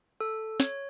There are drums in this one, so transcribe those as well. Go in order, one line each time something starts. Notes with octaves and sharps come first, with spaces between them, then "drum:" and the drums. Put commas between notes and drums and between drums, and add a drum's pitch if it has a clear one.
A4
C#5, drum: snare